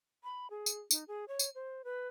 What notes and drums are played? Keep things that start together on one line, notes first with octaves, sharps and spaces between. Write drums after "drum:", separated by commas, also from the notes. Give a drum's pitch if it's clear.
B5
G#4
drum: tambourine
D#4, drum: tambourine
G#4
C#5
drum: tambourine
C5
B4